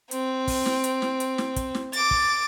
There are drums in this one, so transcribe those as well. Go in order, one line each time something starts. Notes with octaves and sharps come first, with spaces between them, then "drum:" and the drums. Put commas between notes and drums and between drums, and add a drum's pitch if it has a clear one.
C4, drum: hi-hat
drum: kick, open hi-hat
drum: snare
drum: hi-hat
drum: snare
drum: hi-hat
drum: snare
drum: kick, hi-hat
drum: snare
D6 A6, drum: hi-hat
drum: kick